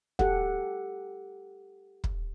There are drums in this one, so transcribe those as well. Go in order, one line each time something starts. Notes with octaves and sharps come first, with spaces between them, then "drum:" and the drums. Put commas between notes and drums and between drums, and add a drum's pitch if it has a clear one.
G4 A4 F#5, drum: kick
drum: kick